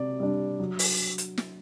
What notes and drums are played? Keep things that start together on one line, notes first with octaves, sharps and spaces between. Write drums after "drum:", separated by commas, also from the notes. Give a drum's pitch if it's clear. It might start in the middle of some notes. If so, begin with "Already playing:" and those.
Already playing: C3 D5
G3 D4
F#3
drum: open hi-hat
drum: hi-hat
drum: snare